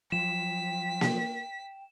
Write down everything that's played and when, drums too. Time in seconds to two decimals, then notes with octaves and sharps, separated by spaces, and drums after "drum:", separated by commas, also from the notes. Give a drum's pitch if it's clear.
0.12 F3 F#3 G5 B6 E7
1.01 drum: snare A#3